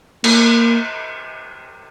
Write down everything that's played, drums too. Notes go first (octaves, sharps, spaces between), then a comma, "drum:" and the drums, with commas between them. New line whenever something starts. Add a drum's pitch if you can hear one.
A#3, drum: cymbal